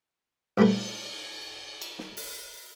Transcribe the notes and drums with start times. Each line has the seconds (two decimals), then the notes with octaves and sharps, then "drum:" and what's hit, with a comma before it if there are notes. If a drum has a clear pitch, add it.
0.58 A#1 G3 A3 A#3 B4, drum: cymbal
1.82 drum: cymbal
1.99 drum: snare
2.17 drum: open hi-hat